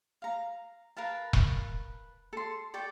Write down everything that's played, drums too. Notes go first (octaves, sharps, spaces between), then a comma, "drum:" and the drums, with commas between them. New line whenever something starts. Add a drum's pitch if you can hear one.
F5 A#5
A#4 B4 F5 A5
drum: kick E1
A4 C6
A4 D5 G5 C#6